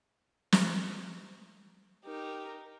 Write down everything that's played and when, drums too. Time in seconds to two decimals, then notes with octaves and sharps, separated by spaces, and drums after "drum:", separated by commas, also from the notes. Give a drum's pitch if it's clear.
0.52 drum: snare
2.04 D#4 G4 A#4